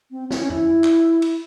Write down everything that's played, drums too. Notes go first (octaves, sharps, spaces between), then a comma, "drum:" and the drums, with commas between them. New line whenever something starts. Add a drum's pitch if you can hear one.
C4
C4, drum: snare
C#4
E4, drum: tom F#2
drum: clap
drum: cymbal